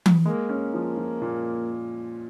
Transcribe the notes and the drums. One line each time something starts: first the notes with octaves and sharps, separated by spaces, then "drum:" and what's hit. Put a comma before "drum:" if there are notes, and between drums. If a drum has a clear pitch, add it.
drum: tom E3
G#3 A#3
C#4
F3
F3
A#2